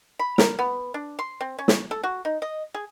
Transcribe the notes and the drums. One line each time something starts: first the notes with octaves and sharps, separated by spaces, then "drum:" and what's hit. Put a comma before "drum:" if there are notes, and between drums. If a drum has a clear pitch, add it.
B5
A#4, drum: snare
B3
D4
C6
C4
C#4
drum: snare
A4
F#4
D#4
D#5
G#4